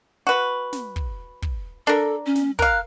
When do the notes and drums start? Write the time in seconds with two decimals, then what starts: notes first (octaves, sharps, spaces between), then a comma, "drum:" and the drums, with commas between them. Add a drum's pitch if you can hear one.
0.27 F#4 B4
0.73 drum: snare
0.96 drum: kick
1.42 drum: kick
1.87 D4 A4 A#4
2.26 C#4
2.35 drum: snare
2.59 A#4 F5 F#6, drum: kick